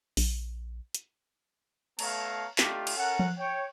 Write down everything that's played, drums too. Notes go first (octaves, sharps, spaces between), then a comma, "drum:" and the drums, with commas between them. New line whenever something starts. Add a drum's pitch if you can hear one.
A#1, drum: open hi-hat
drum: hi-hat
A3 B3 C#5 F5 A5 A#5, drum: cymbal
A3 D4 D#4 F4 G4, drum: clap
drum: cymbal
C#4 A4 A#4 F#5
drum: tom F3
C#5 G5